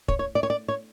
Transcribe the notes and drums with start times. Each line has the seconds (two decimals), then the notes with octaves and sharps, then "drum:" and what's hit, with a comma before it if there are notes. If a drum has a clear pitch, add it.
0.08 C#5, drum: kick
0.19 C#5
0.35 D5
0.43 C#5
0.50 D5
0.68 C#5